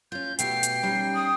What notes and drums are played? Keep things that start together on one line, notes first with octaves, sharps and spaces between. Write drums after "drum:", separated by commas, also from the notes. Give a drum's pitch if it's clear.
C#4 F4 G6
B2 A3 G4 G5 C7, drum: hi-hat
drum: hi-hat
G3 C#4 D#4
D#6